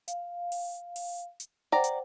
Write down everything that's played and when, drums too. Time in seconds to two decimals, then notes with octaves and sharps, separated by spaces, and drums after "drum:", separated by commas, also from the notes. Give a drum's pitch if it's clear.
0.08 F5, drum: hi-hat
0.52 drum: open hi-hat
0.96 drum: open hi-hat
1.40 drum: hi-hat
1.72 C5 D5 F#5 G5 A#5
1.84 drum: hi-hat